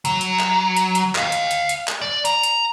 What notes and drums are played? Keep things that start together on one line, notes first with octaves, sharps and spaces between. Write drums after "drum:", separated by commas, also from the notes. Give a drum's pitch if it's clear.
F#3, drum: hi-hat
drum: hi-hat
drum: clap
drum: hi-hat
drum: hi-hat
D#5 F5, drum: clap
drum: hi-hat
drum: hi-hat
drum: hi-hat
drum: clap
D5
A#5, drum: hi-hat
drum: hi-hat